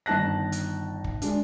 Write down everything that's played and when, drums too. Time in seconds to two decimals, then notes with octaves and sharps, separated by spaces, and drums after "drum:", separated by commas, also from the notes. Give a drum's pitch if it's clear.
0.06 G1 D#3 A5 F#6 A#6
0.52 drum: hi-hat
1.04 drum: kick
1.22 G#3 D4, drum: hi-hat